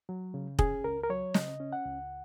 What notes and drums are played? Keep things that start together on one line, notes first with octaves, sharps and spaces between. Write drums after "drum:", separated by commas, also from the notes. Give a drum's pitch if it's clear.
F#3
C#3
C#4 G#4, drum: kick
C#2 A#4
A#4
F#3 C#5
C#3 D#5, drum: snare
C#4
F#5
C#2